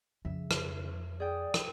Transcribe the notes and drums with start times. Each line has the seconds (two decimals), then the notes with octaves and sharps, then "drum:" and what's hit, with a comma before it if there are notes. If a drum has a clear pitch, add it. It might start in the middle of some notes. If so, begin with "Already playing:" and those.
0.25 F2 C#3 E5
0.51 drum: rim click
1.20 G#4 D5 G5
1.54 drum: rim click